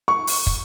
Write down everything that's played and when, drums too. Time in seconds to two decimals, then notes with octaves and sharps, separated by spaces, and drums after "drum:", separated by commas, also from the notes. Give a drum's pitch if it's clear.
0.08 C#6
0.27 drum: open hi-hat
0.47 drum: kick